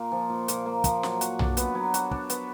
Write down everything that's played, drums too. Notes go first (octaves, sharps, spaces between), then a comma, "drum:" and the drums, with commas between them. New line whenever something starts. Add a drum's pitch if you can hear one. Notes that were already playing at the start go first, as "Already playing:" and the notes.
Already playing: A#2 A#3
F3
A#2
A#2, drum: hi-hat
A#3
F3, drum: kick, hi-hat
F#3, drum: snare
F#4, drum: hi-hat
D4, drum: tom B1
B3, drum: hi-hat
F#3
F#4, drum: hi-hat
D4, drum: kick
B3, drum: hi-hat